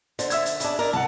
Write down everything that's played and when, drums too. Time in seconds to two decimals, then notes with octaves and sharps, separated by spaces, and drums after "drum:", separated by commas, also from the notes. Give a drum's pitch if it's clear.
0.19 D3 C5, drum: hi-hat
0.30 E5 E6 G#6, drum: hi-hat
0.46 drum: hi-hat
0.60 C#3 D4, drum: hi-hat
0.79 A#4 D5
0.93 C2 F#5 A5